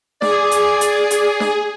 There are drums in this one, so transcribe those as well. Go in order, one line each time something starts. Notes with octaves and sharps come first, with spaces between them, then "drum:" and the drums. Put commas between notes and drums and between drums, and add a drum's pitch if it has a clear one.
G#4 D5, drum: snare
drum: hi-hat
drum: hi-hat
drum: hi-hat
drum: snare